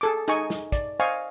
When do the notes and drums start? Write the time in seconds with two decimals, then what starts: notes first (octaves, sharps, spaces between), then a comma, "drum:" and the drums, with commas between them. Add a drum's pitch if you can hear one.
0.01 G#4 A4 D6
0.28 D#4 G#4 G#5 C#6, drum: hi-hat
0.50 drum: snare
0.72 D5, drum: kick, hi-hat
1.00 C5 D#5 F5 G#5 C#6